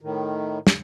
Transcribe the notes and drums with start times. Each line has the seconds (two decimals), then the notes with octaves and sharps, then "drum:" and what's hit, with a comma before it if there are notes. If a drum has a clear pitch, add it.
0.01 A2 D#3
0.67 drum: snare